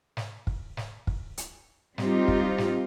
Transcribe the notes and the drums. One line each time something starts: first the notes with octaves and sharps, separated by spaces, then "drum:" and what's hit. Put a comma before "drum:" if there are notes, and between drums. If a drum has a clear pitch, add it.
drum: snare
drum: kick
drum: snare
drum: kick
drum: hi-hat
G3 C4 D#4 F4 G4, drum: snare
drum: kick
drum: snare